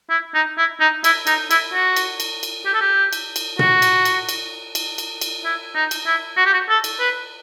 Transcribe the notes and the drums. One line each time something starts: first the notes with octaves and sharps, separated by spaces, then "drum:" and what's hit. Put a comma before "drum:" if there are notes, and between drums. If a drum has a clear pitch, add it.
E4
D#4
E4
D#4
E4, drum: cymbal
D#4, drum: cymbal
E4, drum: cymbal
F#4
drum: cymbal
drum: cymbal
drum: cymbal
G4
A4
G4
drum: cymbal
drum: cymbal
F#4, drum: tom A#2
drum: cymbal
drum: cymbal
drum: cymbal
drum: cymbal
drum: cymbal
drum: cymbal
E4
D#4
drum: cymbal
E4
F#4
G4
F#4
A4
drum: cymbal
B4